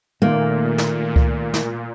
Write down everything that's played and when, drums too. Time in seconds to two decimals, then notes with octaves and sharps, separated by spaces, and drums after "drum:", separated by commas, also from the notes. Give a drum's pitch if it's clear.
0.22 A#2 D#3 A3 A#3
0.78 drum: snare
1.16 drum: kick C#2
1.54 drum: snare